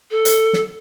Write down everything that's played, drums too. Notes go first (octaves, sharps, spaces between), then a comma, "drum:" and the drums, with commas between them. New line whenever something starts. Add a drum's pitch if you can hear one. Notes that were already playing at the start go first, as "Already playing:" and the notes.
A4
drum: hi-hat
drum: snare